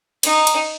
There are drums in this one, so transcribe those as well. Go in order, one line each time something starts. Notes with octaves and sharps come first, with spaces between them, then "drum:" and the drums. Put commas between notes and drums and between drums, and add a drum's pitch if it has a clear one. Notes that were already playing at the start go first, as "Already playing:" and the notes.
D#4, drum: cymbal
drum: cymbal